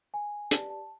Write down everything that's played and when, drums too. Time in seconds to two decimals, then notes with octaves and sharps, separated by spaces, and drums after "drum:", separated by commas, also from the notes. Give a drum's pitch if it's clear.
0.14 G#5
0.51 G4 B4 D5 A5, drum: hi-hat
0.70 A5